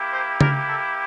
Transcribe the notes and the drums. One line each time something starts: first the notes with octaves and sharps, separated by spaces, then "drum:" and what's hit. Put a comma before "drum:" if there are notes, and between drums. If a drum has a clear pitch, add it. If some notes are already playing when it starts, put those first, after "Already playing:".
Already playing: A#3 E4 G4
C5
A#4, drum: tom C#3
A4